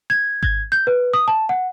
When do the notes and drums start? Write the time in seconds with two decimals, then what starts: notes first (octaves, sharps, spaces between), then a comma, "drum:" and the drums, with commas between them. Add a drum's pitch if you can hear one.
0.10 G#6
0.43 G#6, drum: kick G#1
0.72 G6
0.87 B4
1.14 D#6
1.28 A5
1.49 F#5